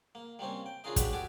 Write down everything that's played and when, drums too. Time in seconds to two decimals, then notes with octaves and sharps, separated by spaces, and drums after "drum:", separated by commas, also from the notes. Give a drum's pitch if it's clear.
0.15 A#3
0.39 G3 A#3 C4 C#4
0.66 G5
0.84 C#4 D4 F4 G#4 A#4 D#5
0.96 F#3 G#3 D4 G4 B4, drum: kick, hi-hat
1.13 F#4 G4 A4 G#5 D6